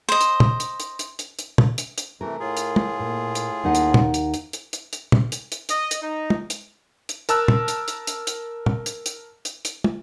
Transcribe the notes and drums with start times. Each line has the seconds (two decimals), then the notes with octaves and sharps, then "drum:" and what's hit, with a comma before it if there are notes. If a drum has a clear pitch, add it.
0.09 C5 D#5
0.21 drum: hi-hat
0.40 drum: tom
0.60 drum: hi-hat
0.80 drum: hi-hat
0.99 drum: hi-hat
1.19 drum: hi-hat
1.39 drum: hi-hat
1.58 drum: tom
1.78 drum: hi-hat
1.98 drum: hi-hat
2.21 C3 E3 A3 A#4
2.40 A2 F4 G#4
2.57 drum: hi-hat
2.76 drum: tom
3.00 A#2
3.35 drum: hi-hat
3.64 D#2 D#4 F#5
3.75 drum: hi-hat
3.94 drum: tom
4.14 drum: hi-hat
4.34 drum: hi-hat
4.53 drum: hi-hat
4.73 drum: hi-hat
4.93 drum: hi-hat
5.12 drum: tom
5.32 drum: hi-hat
5.52 drum: hi-hat
5.69 D#5, drum: hi-hat
5.91 drum: hi-hat
6.02 D#4
6.30 drum: tom
6.50 drum: hi-hat
7.09 drum: hi-hat
7.29 A#4 A5 E6 F#6, drum: hi-hat
7.48 drum: tom
7.68 drum: hi-hat
7.88 drum: hi-hat
8.07 drum: hi-hat
8.27 drum: hi-hat
8.66 drum: tom
8.86 drum: hi-hat
9.06 drum: hi-hat
9.45 drum: hi-hat
9.65 drum: hi-hat
9.84 drum: tom